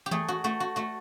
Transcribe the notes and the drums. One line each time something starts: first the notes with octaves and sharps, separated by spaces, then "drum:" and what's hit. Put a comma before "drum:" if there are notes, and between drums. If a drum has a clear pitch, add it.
G4
A3 G#4, drum: tom E3
F#4
A3 F#4
F#4
A3 F#4